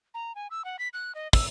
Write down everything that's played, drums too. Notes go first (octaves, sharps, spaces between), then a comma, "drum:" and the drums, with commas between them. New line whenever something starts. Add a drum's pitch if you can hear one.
A#5
G#5
E6
F#5
B6
F#6
D#5
E6, drum: kick, open hi-hat